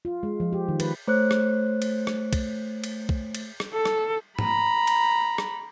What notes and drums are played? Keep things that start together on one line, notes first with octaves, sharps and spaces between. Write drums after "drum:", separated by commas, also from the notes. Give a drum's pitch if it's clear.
F4
G#3
F3
G4
D#3
B4, drum: cymbal
A3 C5 C#5 F#6
drum: rim click
drum: cymbal
drum: rim click
drum: kick, cymbal
drum: cymbal
drum: kick
drum: cymbal
drum: rim click
A4
drum: rim click
A#5 B5, drum: tom
drum: cymbal
drum: rim click